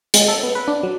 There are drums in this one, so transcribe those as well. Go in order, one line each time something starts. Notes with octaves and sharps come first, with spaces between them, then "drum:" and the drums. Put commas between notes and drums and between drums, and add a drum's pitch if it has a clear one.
G#3, drum: hi-hat
A4
B3
B4
D4
F#3